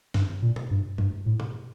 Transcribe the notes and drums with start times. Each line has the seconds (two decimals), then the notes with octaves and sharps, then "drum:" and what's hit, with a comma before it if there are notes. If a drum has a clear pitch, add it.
0.14 G2, drum: snare
0.42 A#2
0.56 drum: tom
0.71 G2
0.98 G2, drum: tom
1.26 A2
1.40 drum: tom